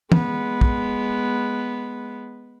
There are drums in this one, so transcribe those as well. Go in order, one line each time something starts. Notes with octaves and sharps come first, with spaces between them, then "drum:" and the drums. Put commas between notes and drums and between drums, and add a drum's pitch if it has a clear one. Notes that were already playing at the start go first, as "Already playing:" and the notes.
G#3 B3, drum: tom
drum: kick